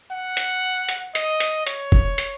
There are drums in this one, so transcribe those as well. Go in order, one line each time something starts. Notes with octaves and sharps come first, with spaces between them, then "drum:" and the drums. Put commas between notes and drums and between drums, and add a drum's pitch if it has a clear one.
F#5
drum: hi-hat
drum: hi-hat
D#5, drum: hi-hat
drum: hi-hat
C#5, drum: hi-hat
drum: kick
drum: hi-hat